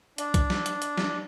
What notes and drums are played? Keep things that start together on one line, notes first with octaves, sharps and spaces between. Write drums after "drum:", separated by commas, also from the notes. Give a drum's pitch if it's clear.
D4, drum: hi-hat
drum: kick, hi-hat
drum: snare
drum: hi-hat
drum: hi-hat
drum: snare